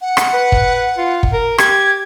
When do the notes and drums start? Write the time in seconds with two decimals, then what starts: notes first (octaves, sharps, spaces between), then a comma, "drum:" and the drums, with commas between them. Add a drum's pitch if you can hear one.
0.01 F#5
0.17 drum: rim click
0.34 B4
0.52 drum: kick
0.98 F4
1.23 drum: kick
1.33 A#4
1.58 G4 G#6, drum: rim click